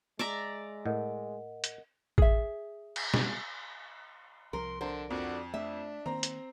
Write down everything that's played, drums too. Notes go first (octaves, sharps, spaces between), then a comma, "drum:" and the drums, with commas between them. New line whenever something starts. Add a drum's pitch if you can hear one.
G#3 D5 E5 A#5
A2 A#4 D#5 F#5
drum: hi-hat
G#4 E5, drum: kick A1
drum: cymbal
drum: snare
C2 F3 A#4 C6
D3 A#4 C5
F2 D3 F#4 D5
A3 D4 E5
D#3 A#3 C4 A#5
drum: hi-hat